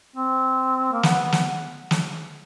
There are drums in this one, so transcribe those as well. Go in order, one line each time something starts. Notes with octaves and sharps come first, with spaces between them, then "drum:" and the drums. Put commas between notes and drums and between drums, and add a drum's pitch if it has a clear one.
C4
A#3
B3, drum: snare
drum: snare
drum: snare